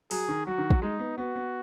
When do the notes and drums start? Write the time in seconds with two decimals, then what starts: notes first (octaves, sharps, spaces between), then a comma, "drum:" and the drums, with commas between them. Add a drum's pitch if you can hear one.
0.11 F#3 G#4, drum: open hi-hat
0.28 D#3
0.46 F#3 F#4
0.58 D#3
0.70 F#3, drum: kick
0.82 G#3 D#4
0.99 B3
1.18 B3 F#4
1.36 B3